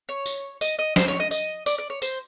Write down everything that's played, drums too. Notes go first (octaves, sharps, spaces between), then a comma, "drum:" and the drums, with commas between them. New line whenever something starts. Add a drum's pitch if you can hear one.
C#5
drum: tambourine
D#5, drum: tambourine
D#5
C5, drum: snare
C#5
D#5
D#5, drum: tambourine
D5, drum: tambourine
D5
C#5
C5, drum: tambourine